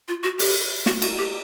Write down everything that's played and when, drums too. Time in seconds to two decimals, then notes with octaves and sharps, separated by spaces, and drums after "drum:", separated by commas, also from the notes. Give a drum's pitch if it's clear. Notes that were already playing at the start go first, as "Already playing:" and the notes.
0.08 F4
0.24 F#4
0.39 G4, drum: open hi-hat
0.86 F#4, drum: snare
1.02 F#4, drum: cymbal
1.18 G4